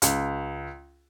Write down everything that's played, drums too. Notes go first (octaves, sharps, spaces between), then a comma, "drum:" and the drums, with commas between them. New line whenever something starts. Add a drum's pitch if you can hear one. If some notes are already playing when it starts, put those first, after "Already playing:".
C#2, drum: hi-hat